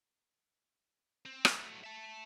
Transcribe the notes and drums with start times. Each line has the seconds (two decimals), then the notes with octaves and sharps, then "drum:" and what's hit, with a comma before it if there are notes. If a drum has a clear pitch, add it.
1.26 C4
1.45 F#3 A3, drum: rim click
1.84 E5 A5